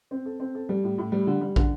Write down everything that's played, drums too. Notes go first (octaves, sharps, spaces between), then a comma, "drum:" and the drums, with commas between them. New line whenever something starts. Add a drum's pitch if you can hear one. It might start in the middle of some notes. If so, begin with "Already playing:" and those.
C4
A4
C4
A4
G3
A2
A2
G3
D3
G3
D3, drum: kick